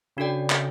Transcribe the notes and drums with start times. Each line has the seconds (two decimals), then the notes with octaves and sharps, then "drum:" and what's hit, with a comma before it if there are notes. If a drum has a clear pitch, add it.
0.17 C#3 D4 F#4 A4 D5 G5
0.50 drum: clap